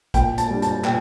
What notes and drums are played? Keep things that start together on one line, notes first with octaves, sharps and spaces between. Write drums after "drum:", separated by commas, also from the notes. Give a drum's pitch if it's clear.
A#2 G5, drum: kick, hi-hat
A5, drum: hi-hat
G3 D4
A5, drum: hi-hat
A#2 G5, drum: clap